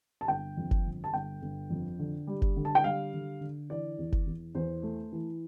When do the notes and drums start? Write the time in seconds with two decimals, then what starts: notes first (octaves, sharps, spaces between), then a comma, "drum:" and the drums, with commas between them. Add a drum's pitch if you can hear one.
0.21 A5
0.28 G1 G5
0.57 F2
0.71 drum: kick F#1
0.85 G1
1.04 A5
1.13 G1 G5
1.42 G1
1.70 F2
1.99 D3
2.27 G3
2.42 drum: kick F#1
2.57 D3
2.65 A5
2.75 G5
2.84 G3 F5
3.13 D3
3.41 D3
3.70 E3 D5
3.98 E2
4.12 drum: kick F#1
4.27 E2
4.55 E2 C5
4.83 A3
5.12 E3